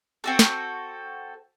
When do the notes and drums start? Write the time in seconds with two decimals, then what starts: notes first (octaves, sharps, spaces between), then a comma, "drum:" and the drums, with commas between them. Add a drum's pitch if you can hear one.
0.24 C4 F#4 A4
0.39 drum: snare